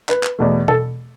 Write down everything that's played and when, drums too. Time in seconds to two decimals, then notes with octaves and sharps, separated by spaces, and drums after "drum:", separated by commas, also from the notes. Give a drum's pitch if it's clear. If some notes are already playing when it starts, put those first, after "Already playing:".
0.09 B4, drum: clap
0.23 drum: clap
0.39 E2 B2 A3
0.68 A4, drum: tom B2